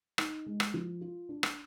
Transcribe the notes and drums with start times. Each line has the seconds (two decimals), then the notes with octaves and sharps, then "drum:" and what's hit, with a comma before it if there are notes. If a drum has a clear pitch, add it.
0.18 D#4, drum: rim click
0.46 G#3
0.60 drum: rim click
0.74 F3
1.01 F4
1.29 D4
1.43 drum: rim click